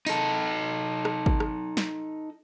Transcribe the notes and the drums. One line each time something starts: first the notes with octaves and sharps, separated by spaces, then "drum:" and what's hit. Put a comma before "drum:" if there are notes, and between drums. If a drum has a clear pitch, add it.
D#4 A4, drum: tambourine
drum: rim click
drum: kick G#1
drum: rim click
drum: snare